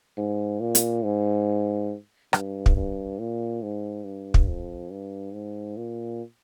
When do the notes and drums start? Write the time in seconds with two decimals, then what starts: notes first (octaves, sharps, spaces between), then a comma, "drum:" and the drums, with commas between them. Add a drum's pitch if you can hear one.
0.17 G#2
0.61 A#2
0.75 drum: hi-hat
1.04 G#2
2.33 G2, drum: rim click
2.66 drum: kick
2.76 G2
3.19 A#2
3.62 G#2
4.05 G2
4.34 drum: kick
4.48 F2
4.91 G2
5.33 G#2
5.77 A#2